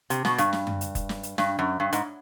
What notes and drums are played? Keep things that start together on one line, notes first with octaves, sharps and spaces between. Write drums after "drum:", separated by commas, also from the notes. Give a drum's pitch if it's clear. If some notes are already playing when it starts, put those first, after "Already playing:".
C3, drum: hi-hat
B2, drum: snare
G2, drum: hi-hat
drum: snare
drum: tom F#2
drum: hi-hat
drum: kick F1, hi-hat
drum: snare
drum: hi-hat
G2, drum: snare
F#2
G2
G#2, drum: hi-hat